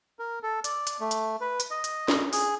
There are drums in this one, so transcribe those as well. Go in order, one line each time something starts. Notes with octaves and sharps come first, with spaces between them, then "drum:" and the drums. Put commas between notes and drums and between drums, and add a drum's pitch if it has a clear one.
A#4
A4
D5, drum: hi-hat
drum: hi-hat
A3
drum: hi-hat
B4
drum: hi-hat
D#5
drum: hi-hat
drum: snare
G#4, drum: open hi-hat